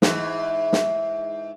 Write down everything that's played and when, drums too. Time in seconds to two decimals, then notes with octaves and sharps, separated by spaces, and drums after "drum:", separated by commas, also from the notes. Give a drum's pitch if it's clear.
0.02 G#2 E3, drum: snare
0.73 drum: snare